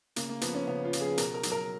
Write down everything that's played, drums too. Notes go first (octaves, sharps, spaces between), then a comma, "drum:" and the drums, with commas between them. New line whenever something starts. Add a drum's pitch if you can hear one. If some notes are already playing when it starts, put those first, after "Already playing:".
C#3 A#3, drum: hi-hat
A#3
F3 B3, drum: hi-hat
C#4
C#3 B3
F4
F3, drum: hi-hat
G#4
B2 A#4, drum: hi-hat
A#4
F#3, drum: hi-hat
A#4